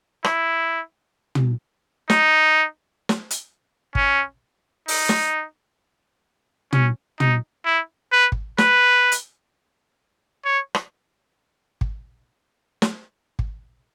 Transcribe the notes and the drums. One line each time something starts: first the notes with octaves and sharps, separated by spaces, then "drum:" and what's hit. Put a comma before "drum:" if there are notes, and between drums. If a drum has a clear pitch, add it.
E4, drum: rim click
drum: tom
D#4, drum: snare
drum: snare
drum: hi-hat
C#4, drum: kick
D#4, drum: open hi-hat
drum: snare
C#4, drum: tom
D#4, drum: tom
E4
B4
drum: kick
B4, drum: snare
drum: hi-hat
C#5
drum: rim click
drum: kick
drum: snare
drum: kick